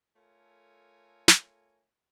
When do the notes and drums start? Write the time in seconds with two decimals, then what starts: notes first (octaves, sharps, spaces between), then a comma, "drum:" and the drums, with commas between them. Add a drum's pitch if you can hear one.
0.16 A3 F4 A4 A#4 C#5 G#5
1.28 drum: snare